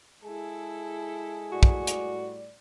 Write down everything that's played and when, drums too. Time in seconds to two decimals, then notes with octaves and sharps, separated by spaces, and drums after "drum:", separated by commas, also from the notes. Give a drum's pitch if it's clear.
0.24 G#3 E4 G#4 A4
1.52 A2 G3 F#4 D5
1.63 drum: kick
1.87 drum: hi-hat